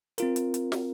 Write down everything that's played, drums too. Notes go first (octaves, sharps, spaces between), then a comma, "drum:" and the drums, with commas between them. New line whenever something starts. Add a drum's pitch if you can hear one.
C4 F4 A#4, drum: hi-hat
drum: hi-hat
drum: hi-hat
drum: snare